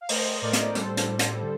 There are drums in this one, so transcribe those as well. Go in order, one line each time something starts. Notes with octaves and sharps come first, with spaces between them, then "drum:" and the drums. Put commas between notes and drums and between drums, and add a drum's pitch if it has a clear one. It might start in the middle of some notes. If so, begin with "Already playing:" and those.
F5
A3 C5 D#5, drum: open hi-hat
C5
A2 A#4 D5
drum: hi-hat
G3 A4 C5, drum: hi-hat
drum: hi-hat
G3
drum: hi-hat
D3